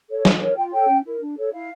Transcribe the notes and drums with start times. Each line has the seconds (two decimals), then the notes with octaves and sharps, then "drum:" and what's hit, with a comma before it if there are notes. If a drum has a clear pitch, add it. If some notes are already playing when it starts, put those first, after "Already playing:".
0.09 A4 C#5
0.25 F4, drum: snare
0.41 A#4 C#5
0.57 F4 G5
0.72 A4 C#5 G5
0.88 C#4
1.04 E4 A#4
1.20 D4
1.36 A4 C#5
1.52 E4 F5